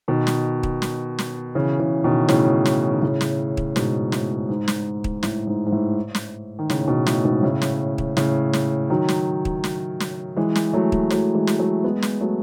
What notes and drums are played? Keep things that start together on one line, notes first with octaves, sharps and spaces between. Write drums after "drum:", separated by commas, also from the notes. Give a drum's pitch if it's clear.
B2 D#3
drum: snare
drum: kick
drum: snare
drum: snare
C#3 E3
C#3 E3
B2 D#3
A2 C#3, drum: snare
drum: snare
D#3
A2 C#3
drum: snare
drum: kick
G#2 B2, drum: snare
A2, drum: snare
G#2
drum: snare
drum: kick
A2, drum: snare
G#2
G#2
A2
drum: snare
D#3
A2 C#3, drum: snare
B2 D#3
A2, drum: snare
G#2 B2
A2 C#3
drum: snare
drum: kick
A2 C#3, drum: snare
drum: snare
D#3 F#3
drum: snare
drum: kick
drum: snare
drum: snare
E3 G#3
drum: snare
F#3 A3
drum: kick
F#3 A3, drum: snare
E3 G#3
drum: snare
F#3 A3
G#3 B3
drum: snare
F#3 A3